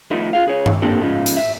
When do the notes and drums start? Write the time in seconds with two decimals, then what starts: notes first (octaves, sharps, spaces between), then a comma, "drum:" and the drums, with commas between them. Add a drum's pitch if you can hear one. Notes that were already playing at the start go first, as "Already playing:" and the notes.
0.11 F2 A2 D#3 F3 D#4 E4
0.33 F4 G#4 F5
0.46 C#2 G#4 C#5
0.66 drum: tom G2
0.82 A#3 C4 D4 G4 A4
1.01 C#3 F3 G#3 D#4
1.26 drum: hi-hat
1.37 E5